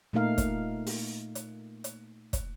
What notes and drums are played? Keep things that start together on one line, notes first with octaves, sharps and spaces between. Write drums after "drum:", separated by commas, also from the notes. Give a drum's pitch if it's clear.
A#2 A3 A#3 D#4 A#4 F5
drum: kick, hi-hat
drum: open hi-hat
drum: hi-hat
drum: hi-hat
drum: kick, hi-hat